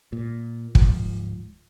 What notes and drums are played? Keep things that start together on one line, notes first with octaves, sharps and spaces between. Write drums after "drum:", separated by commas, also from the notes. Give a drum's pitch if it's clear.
A#2
D1 C2 G#2 F3, drum: kick